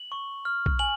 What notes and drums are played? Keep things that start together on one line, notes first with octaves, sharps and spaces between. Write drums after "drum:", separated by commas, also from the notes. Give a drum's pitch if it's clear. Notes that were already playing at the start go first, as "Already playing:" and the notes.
Already playing: F#7
C#6
F6
drum: kick A#1
G#5 F#7